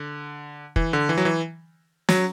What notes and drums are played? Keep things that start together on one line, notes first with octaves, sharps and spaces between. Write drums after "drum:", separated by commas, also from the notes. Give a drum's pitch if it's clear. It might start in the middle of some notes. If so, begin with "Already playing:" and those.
Already playing: D3
E3, drum: kick
D3
E3
F#3
E3
F#3, drum: snare